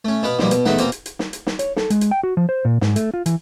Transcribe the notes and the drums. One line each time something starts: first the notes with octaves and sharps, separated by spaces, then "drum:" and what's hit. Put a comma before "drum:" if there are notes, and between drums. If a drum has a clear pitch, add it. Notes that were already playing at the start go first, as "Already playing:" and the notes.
A3 C#4
B2 B3 B4 F5
B2 F3 G3 A#3, drum: snare
B2, drum: hi-hat
E2 A3 D#4 E5 F#5, drum: snare
B2 A#3 C4 F4 A#4, drum: hi-hat
drum: hi-hat
drum: hi-hat
drum: snare
drum: hi-hat
drum: snare
C#5, drum: hi-hat
A4, drum: snare
G#3, drum: hi-hat
drum: hi-hat
G5
F#4
F3
C5
A#2
G#2, drum: snare
A3, drum: hi-hat
F4
E3, drum: hi-hat